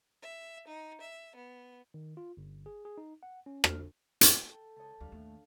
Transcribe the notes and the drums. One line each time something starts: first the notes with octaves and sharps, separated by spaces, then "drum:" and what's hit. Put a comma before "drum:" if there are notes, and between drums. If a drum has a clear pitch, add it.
E5
D#4
E5
B3
D#3
F4
G1
G#4
G#4
D#4
F#5
C#4
F6, drum: rim click
drum: hi-hat
A4 G5
C#2 C#5 D#5 A5
D2 G3 D4 F5
D#2 A2 A3